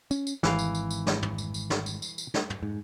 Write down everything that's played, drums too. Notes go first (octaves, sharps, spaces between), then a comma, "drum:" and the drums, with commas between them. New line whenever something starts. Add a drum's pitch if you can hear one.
C#4, drum: tambourine
drum: tambourine
G#1 E3 F5, drum: snare
drum: tambourine
drum: tambourine
drum: tambourine
drum: snare
drum: tom
drum: tambourine
drum: tambourine
drum: snare
drum: tambourine
drum: tambourine
drum: tambourine
drum: snare
drum: tom
G#2